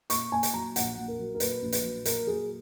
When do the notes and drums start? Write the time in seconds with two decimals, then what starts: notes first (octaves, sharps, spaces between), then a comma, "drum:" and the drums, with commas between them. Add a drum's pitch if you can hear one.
0.10 A#2 C#6, drum: hi-hat
0.32 A#2 G#5
0.43 drum: hi-hat
0.54 F#3 A#5
0.76 A#1 F#5, drum: hi-hat
0.97 A#2
1.08 A#4
1.19 F#3
1.35 A#4
1.40 A#2 B4, drum: hi-hat
1.62 A#1
1.72 B4, drum: hi-hat
1.84 F#3
2.05 A#2 A#4, drum: hi-hat
2.27 F#3 G#4